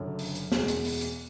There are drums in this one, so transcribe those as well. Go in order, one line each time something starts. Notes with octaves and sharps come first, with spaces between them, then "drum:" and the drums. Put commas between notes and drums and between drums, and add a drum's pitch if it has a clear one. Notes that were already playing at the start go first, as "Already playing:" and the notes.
Already playing: F#1 F#2 D3
drum: open hi-hat
drum: hi-hat
E2 B2 G#3, drum: snare
drum: hi-hat
drum: open hi-hat
drum: hi-hat